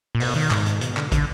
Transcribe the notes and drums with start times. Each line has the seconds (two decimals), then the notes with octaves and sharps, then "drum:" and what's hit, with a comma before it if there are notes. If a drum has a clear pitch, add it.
0.15 A#2
0.20 B2, drum: open hi-hat
0.36 D#3
0.51 G#2, drum: clap
0.66 drum: hi-hat
0.81 B2, drum: hi-hat
0.97 D3, drum: clap
1.12 D3, drum: kick, hi-hat